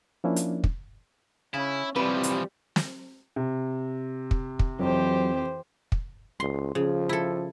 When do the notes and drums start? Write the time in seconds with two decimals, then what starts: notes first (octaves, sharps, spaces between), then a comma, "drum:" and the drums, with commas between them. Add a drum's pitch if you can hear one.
0.24 F3 A#3 C#4 D4 E4
0.36 drum: hi-hat
0.64 drum: kick
1.54 C#3 C#4 E4
1.96 C3 E3 F3 G3 B4
2.23 drum: hi-hat
2.76 drum: snare
3.36 C3
4.31 drum: kick
4.59 drum: kick
4.79 F2 E3 F#3 G4 C5
5.92 drum: kick
6.40 C#2 C6
6.75 C#3 F3
7.09 E4 A4